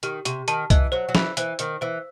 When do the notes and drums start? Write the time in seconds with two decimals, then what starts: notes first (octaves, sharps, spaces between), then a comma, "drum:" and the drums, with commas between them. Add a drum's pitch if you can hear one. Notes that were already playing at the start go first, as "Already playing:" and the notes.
0.03 D#3 G4, drum: hi-hat
0.25 C3 G4, drum: hi-hat
0.48 D#3 A5, drum: hi-hat
0.70 E3 D#5, drum: kick C2, hi-hat
0.92 F#3 C5
1.09 F#3
1.15 E3 B5, drum: snare
1.37 E3 C5, drum: hi-hat
1.59 D#3 C5, drum: hi-hat
1.81 E3 C5